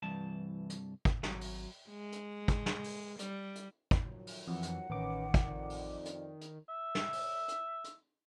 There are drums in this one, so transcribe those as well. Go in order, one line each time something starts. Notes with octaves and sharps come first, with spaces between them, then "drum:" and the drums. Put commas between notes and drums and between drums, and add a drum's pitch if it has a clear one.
C2 G2 E3 A5
drum: hi-hat
drum: kick, hi-hat
G#1 F#3, drum: snare
drum: open hi-hat
G#3
drum: hi-hat
drum: kick, hi-hat
drum: snare
drum: open hi-hat
G3, drum: hi-hat
drum: hi-hat
drum: kick, hi-hat
D#3 F3 F#3
drum: open hi-hat
F2 E3 F#5
drum: hi-hat
A1 D#3 C#4 B4 D6
drum: kick, hi-hat
F2 D5
drum: open hi-hat
drum: hi-hat
drum: hi-hat
E5
drum: snare
drum: open hi-hat
drum: hi-hat
drum: hi-hat